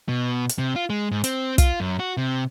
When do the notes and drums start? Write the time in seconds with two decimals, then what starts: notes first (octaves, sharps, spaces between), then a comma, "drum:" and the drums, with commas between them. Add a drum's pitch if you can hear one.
0.09 B2
0.49 drum: hi-hat
0.58 C3
0.76 F4
0.90 G#3
1.11 G#2
1.24 C4, drum: hi-hat
1.58 F4, drum: kick, hi-hat
1.80 F#2
1.99 F#4
2.17 C3